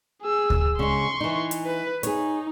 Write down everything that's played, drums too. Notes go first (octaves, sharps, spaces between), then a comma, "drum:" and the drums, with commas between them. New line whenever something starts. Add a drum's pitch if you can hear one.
G#4 E6
drum: kick D2
C#3 G#3 C6 C#6
E3 D#4
drum: hi-hat
B4
D#4 G#4 C#5, drum: hi-hat